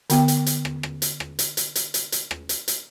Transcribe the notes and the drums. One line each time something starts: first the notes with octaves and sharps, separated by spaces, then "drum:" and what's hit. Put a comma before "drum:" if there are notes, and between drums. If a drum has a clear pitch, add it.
D3 B3 G5, drum: hi-hat
drum: hi-hat
drum: hi-hat
drum: rim click
drum: rim click
drum: hi-hat
drum: rim click
drum: hi-hat
drum: hi-hat
drum: hi-hat
drum: hi-hat
drum: hi-hat
drum: rim click
drum: hi-hat
drum: hi-hat